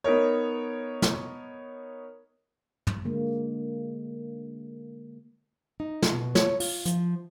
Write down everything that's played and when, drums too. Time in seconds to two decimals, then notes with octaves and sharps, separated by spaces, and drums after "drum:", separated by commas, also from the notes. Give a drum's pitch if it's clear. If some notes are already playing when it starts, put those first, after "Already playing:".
0.04 B3 D#4 A#4 C#5
1.02 drum: snare
2.87 drum: tom
3.05 D3 G#3 A#3
5.80 D#4
6.02 drum: snare
6.12 B2
6.35 C#5, drum: snare
6.60 F4, drum: open hi-hat
6.86 F3, drum: hi-hat